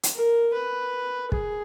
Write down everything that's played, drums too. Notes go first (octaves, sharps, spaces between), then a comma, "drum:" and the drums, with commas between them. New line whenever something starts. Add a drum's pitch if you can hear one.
drum: hi-hat
A#4
B4
G#4, drum: kick